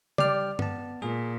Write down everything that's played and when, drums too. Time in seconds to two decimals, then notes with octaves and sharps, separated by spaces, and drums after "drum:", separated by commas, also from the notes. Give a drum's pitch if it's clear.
0.18 G3 D5 G5 F6, drum: tom C#3
0.59 B3 A5, drum: tom
1.02 A#2 G#4